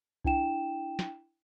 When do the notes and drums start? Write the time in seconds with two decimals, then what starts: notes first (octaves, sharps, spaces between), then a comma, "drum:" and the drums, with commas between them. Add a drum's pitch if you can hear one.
0.24 D4 E4 G5 E7, drum: kick B1
0.99 drum: snare